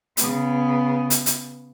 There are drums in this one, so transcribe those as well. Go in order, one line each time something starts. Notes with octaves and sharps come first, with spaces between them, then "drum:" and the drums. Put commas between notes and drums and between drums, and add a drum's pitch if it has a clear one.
C#3 B3, drum: hi-hat
drum: hi-hat
drum: hi-hat